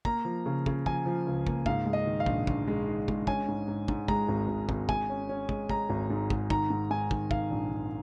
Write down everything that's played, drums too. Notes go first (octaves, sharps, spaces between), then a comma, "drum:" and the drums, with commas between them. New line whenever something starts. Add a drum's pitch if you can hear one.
A#3 A#5, drum: kick
F3
C#3
C#3, drum: kick
F3 G#5, drum: kick
F3
C#2
A#3, drum: kick
G#2 F5, drum: kick
G#3
D#5
D#3
F5
A#1, drum: kick
A#1, drum: kick
G#3
D#3
G#3, drum: kick
C#4 G#5, drum: kick
G#2
G#2
G#2, drum: kick
G#3 A#5, drum: kick
G#1
G#1
G#1, drum: kick
G#3 G#5, drum: kick
C#4
C#4
G#3, drum: kick
G#3 A#5, drum: kick
G#1
G#2
G#2, drum: kick
D#3 A#5, drum: kick
G#2
G#2 G#5
D#3, drum: kick
D#3 F5, drum: kick
A#1
A#1